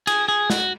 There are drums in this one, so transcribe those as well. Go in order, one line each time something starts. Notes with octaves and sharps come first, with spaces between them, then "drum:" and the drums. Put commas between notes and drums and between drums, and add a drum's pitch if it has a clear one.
G#4, drum: cymbal
G#4
F#4, drum: snare